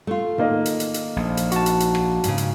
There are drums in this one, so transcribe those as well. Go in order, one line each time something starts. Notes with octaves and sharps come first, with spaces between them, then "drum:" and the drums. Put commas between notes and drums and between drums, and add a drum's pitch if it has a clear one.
A3 F4
D#3 A#3 D#5, drum: tom
drum: hi-hat
drum: hi-hat
drum: hi-hat
A#1
drum: hi-hat
F#4 A5, drum: hi-hat
drum: hi-hat
drum: hi-hat
drum: rim click
G#2 C#3, drum: hi-hat
drum: hi-hat